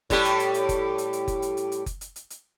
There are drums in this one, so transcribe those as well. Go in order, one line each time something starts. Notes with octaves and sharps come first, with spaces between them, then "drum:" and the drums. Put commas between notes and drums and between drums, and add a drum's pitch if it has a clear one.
A2 G3 G4, drum: kick F#1, hi-hat
drum: hi-hat
drum: hi-hat
drum: hi-hat
drum: kick F#1, hi-hat
drum: hi-hat
drum: hi-hat
drum: kick F#1, hi-hat
drum: hi-hat
drum: hi-hat
drum: hi-hat
drum: kick F#1, hi-hat
drum: hi-hat
drum: hi-hat
drum: hi-hat